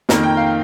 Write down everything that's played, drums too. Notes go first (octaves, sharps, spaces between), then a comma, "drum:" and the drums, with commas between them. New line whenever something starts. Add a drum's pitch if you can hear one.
F2 D#3 A#3 A#5, drum: snare
G5
F5